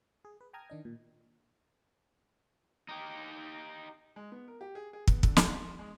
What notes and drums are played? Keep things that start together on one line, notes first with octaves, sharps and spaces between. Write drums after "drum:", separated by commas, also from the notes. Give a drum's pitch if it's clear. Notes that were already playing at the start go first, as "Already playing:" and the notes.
G#4
B4
G5 A5 A#5 D#6 F6 G#6
D#3 D4 D#5
A#2
D#4 G4
G#3
B3
A#4
G4
G#4
G#4
B3, drum: kick
D3, drum: kick
E1, drum: snare
C6
G#3